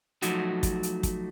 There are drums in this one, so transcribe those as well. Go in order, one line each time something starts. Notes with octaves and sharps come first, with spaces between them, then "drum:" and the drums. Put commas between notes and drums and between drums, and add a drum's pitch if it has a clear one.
F3 F#3 A3 D#4 F#4, drum: hi-hat
drum: kick, hi-hat
drum: hi-hat
drum: kick, hi-hat